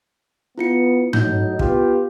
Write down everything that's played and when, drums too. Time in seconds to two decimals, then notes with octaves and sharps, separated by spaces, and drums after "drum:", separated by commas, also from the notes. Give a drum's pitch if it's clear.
0.58 B3 E4 F4 C#7
1.13 A2 F#3 D#4 G6, drum: tom G#2
1.59 B3 F4 G4, drum: kick